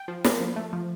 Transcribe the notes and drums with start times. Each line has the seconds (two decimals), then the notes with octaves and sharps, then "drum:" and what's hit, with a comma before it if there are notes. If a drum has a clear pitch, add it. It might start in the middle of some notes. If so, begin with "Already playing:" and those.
Already playing: G5
0.08 F3
0.24 A#3, drum: snare
0.41 F3
0.56 A3
0.73 F3